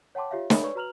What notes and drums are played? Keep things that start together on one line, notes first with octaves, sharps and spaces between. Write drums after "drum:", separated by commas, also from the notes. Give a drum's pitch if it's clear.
C#5 F#5 G5 A5 C6 D6
F4 G4 C#5 E5 F5
G#4 A#4 C#5 E5 F5 B5, drum: snare
B4 C#5 D5 C#6
F#4 B4 A#5 F6 F7 F#7